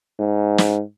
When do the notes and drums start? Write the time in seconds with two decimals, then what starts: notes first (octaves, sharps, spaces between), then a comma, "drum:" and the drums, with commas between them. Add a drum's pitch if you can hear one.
0.19 G#2
0.58 drum: snare